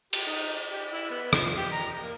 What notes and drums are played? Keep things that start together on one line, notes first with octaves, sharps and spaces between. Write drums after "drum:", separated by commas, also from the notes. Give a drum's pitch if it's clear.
G4, drum: cymbal
D#4
G4
E4
B3
F3, drum: rim click
G4
A#5
A#3